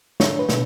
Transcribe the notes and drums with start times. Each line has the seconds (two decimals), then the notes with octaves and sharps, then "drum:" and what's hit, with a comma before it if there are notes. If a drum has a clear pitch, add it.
0.20 D4 C#5, drum: snare
0.39 B4
0.49 B2, drum: snare